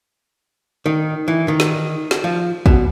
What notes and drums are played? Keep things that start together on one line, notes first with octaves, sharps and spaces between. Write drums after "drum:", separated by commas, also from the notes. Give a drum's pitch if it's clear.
D#3
E3
D#3
drum: snare
drum: snare
F3
B2, drum: kick